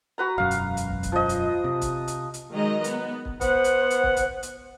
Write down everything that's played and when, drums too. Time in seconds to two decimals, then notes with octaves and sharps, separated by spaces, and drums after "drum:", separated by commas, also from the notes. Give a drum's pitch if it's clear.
0.18 F#4 B4 A#5
0.38 E1 F#2 F5
0.51 drum: hi-hat
0.77 drum: hi-hat
0.90 drum: kick
1.03 drum: kick, hi-hat
1.12 F3 D#5
1.29 drum: hi-hat
1.64 C3
1.81 drum: kick, hi-hat
2.08 drum: hi-hat
2.34 drum: hi-hat
2.52 D#3 F#3 G#3 D#5 A#5
2.84 B3, drum: hi-hat
3.25 drum: kick
3.41 B3 C5 F#5, drum: kick, hi-hat
3.64 drum: hi-hat
3.90 drum: hi-hat
4.03 drum: kick
4.17 drum: kick, hi-hat
4.43 drum: hi-hat